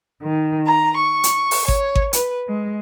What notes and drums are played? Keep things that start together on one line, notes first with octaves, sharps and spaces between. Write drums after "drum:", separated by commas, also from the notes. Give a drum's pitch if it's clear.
D#3
A#5
C#6
drum: hi-hat
drum: open hi-hat
C#5, drum: kick G#1
drum: kick G#1
B4, drum: hi-hat
G#3